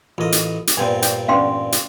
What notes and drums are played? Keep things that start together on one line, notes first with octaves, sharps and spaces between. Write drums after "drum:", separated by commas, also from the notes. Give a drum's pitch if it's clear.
A1 F4 A#4 D#5
drum: hi-hat
drum: hi-hat
G2 A#2 B3 C4 G5 G#5
G5, drum: hi-hat
B3 C#4 D4 F5 G5 C6
drum: hi-hat